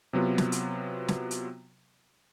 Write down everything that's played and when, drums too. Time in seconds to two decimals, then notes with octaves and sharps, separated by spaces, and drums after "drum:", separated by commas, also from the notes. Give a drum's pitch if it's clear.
0.13 C3 F#3 B3 F4
0.38 drum: snare
0.52 drum: hi-hat
1.08 drum: snare
1.31 drum: hi-hat